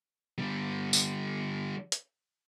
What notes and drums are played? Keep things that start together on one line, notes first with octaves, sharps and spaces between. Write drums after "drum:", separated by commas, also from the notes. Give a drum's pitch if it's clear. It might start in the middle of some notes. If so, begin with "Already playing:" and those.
D3 G3
drum: tambourine
drum: hi-hat